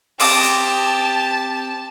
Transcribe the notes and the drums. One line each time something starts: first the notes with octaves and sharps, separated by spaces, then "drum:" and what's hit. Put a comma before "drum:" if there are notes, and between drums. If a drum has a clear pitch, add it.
C4 G4 A5 D6 D#6, drum: open hi-hat
drum: hi-hat